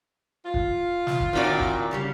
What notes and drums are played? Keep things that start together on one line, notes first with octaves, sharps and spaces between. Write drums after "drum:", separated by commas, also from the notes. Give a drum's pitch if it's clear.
F4
drum: kick
drum: snare
drum: kick
A#2 D#3 C4 E4 F#4 D5
drum: kick
C#3 G3 C#4